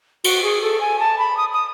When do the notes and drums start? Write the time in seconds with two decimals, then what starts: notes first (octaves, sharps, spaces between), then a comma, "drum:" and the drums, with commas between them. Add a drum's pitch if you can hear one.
0.24 F#4, drum: cymbal
0.43 G#4
0.62 A4
0.81 G#5
1.00 A5
1.18 B5
1.37 D#6
1.53 D#6